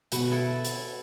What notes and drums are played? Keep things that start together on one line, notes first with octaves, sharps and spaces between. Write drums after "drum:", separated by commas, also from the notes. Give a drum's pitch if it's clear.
B2 F#4 B4, drum: hi-hat
E4 A4
drum: hi-hat